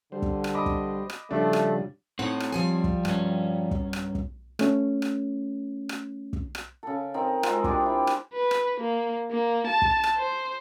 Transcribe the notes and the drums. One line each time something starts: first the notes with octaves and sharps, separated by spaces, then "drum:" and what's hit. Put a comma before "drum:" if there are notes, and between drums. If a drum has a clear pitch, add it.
D3 G3 C5
drum: kick
drum: rim click
D#5 B5 D6
drum: kick
drum: rim click
C#3 F3 G3 A3 D4
drum: rim click
A2 C4 D#4 C#5 F#5
drum: rim click
F3 G3 G#5
drum: kick
G2 C#4, drum: rim click
drum: kick
drum: rim click
drum: kick
A3 C#4, drum: rim click
drum: rim click
drum: rim click
drum: kick
drum: rim click
C#3 A4
C4 D#4 A#4
G#3 C4 F4, drum: rim click
D4 G4 G#4 D5, drum: kick
E4
drum: rim click
B4
drum: rim click
A#3
A#3
A5
drum: kick
drum: rim click
C5